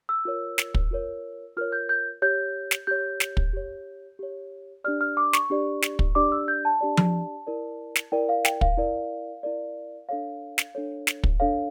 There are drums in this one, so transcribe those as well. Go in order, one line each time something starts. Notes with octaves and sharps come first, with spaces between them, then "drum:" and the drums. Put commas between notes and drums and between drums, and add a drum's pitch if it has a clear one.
E6
F4 A#4 C#5
drum: snare
drum: kick
F4 A#4 C#5
F4 A#4 C#5 F6
G6
G6
G4 C#5 G6
drum: snare
G4 C#5 G6
drum: snare
drum: kick
G4 C#5
G4 C#5
D4 G4 D5 F6
F6
D6
C#6, drum: snare
D4 G4 D5
drum: snare
drum: kick
D4 G4 D5 D6
E6
G6
A5
D4 G4 D5
drum: tom F3
E4 A#4 D5
drum: snare
E4 A#4 D5 G5
F5
G5, drum: snare
F5, drum: kick
E4 A#4 D5
E4 A#4 D5
D4 A4 C#5 F5
drum: snare
D4 A4 C#5
drum: snare
drum: kick
D4 A4 C#5 F5